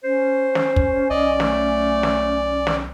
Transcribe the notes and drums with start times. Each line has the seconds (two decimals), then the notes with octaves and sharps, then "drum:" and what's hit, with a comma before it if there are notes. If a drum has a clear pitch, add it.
0.04 C#4 C5
0.55 drum: snare
0.76 drum: kick
1.10 B1 D5 D#5
1.40 A3, drum: snare
2.03 drum: snare
2.67 drum: snare